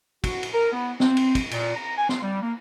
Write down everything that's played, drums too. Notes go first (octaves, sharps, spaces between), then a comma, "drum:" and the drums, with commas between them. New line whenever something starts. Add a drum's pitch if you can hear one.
F#4, drum: kick, cymbal
drum: cymbal
A#4
B3
C4, drum: snare
drum: cymbal
drum: kick, cymbal
A#2, drum: cymbal
A#5
G#5
C6, drum: snare
G3
A#3